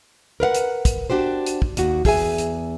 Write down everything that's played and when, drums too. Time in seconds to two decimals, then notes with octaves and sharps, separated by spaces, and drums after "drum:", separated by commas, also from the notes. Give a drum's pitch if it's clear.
0.40 A#4 B4 F5 F#5
0.54 drum: hi-hat
0.85 drum: kick, hi-hat
1.10 D4 F#4 G4 C5
1.46 drum: hi-hat
1.62 drum: kick
1.77 D#2 F#4, drum: hi-hat
2.05 E2 G#4 E5 G#5, drum: kick, open hi-hat
2.38 drum: hi-hat